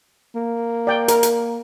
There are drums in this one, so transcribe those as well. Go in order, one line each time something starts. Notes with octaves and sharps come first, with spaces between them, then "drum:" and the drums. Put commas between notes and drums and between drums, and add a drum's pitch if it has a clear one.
A#3
D5 G5
A#4, drum: hi-hat
drum: hi-hat